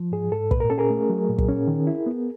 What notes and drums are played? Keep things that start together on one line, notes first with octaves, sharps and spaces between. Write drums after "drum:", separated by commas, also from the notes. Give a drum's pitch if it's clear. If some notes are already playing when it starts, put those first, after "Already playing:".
Already playing: F3
G#2 G#4
G#2 A4
A#2 B4, drum: kick
A#4
C#4 A4
G#4 A#4
A3
F#3
A#2
drum: kick
C#4
D#3
E4
B3